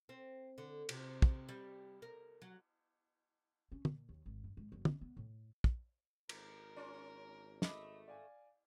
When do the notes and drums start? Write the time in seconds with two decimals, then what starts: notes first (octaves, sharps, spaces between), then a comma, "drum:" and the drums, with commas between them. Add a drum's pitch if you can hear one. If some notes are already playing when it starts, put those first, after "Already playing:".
0.09 C4
0.58 D3
0.89 C3, drum: cymbal
1.22 drum: kick
1.49 G3
2.02 A#4
2.42 F#3
3.72 C#4
3.85 A#2, drum: tom
4.09 D#2
4.26 G#1
4.44 G2
4.57 G#2
4.72 F#1
4.85 C#4, drum: tom
5.01 B3
5.17 A2
5.64 drum: kick
6.29 G#1 A#4, drum: cymbal
6.76 C#4 F4
7.62 A3 D#5 E5 B5 D6, drum: snare
8.08 D5 F5 G#5